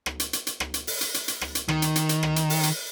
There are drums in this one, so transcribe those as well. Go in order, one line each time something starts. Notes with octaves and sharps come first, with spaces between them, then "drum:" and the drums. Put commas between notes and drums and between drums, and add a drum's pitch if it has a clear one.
drum: rim click
drum: hi-hat
drum: hi-hat
drum: hi-hat
drum: rim click
drum: hi-hat
drum: open hi-hat
drum: hi-hat
drum: hi-hat
drum: hi-hat
drum: rim click
drum: hi-hat
D#3, drum: rim click
drum: hi-hat
drum: hi-hat
drum: hi-hat
drum: rim click
drum: hi-hat
drum: open hi-hat
drum: hi-hat